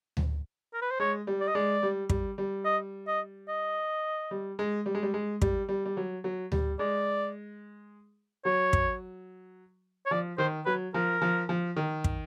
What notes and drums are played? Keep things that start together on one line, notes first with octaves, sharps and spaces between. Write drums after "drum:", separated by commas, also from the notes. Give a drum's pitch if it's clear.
drum: tom D2
A#4
B4
C5
G#3 C#5
G3
D5
D#5
G#3 D5
G3
G3, drum: kick
G3
D#5
D#5
D#5
G3
G#3
G3
G#3
G3
G#3
G3, drum: kick
G3
G3
F#3
F#3
G3, drum: tom D2
G#3 D5
F#3 C#5
drum: kick
C#5
F3 D5
D#3 C5
F#3 B4
F3 A#4
F3
F3
D#3
drum: kick